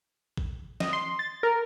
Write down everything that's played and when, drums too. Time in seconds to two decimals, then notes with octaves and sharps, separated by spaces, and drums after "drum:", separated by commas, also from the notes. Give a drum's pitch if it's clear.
0.37 drum: kick
0.80 D#5, drum: snare
0.93 C6
1.19 A6
1.43 A#4